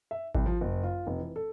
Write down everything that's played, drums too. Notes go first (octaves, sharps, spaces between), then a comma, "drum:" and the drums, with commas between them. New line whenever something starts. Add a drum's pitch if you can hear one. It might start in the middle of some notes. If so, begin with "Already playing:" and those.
E5
C2, drum: kick G#1
F3
F#1
F4
F1
E3
A4